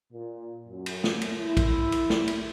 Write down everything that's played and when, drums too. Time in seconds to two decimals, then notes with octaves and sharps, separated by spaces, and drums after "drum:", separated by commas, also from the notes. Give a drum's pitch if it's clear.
0.13 A#2
0.68 F#2
0.86 drum: cymbal
1.04 drum: snare
1.21 drum: cymbal
1.39 E4
1.57 drum: kick A#1, cymbal
1.92 drum: cymbal
2.10 drum: snare
2.28 drum: cymbal